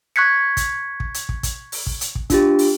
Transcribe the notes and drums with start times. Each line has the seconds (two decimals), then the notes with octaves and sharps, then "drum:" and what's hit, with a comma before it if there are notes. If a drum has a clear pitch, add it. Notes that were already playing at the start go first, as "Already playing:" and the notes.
0.16 C#6 F#6 G#6 B6 C#7
0.57 drum: kick, hi-hat
1.00 drum: kick
1.14 drum: hi-hat
1.29 drum: kick
1.43 drum: kick, hi-hat
1.72 drum: open hi-hat
1.87 drum: kick
2.01 drum: hi-hat
2.15 drum: kick
2.30 D4 F4 G4, drum: kick, hi-hat
2.59 drum: open hi-hat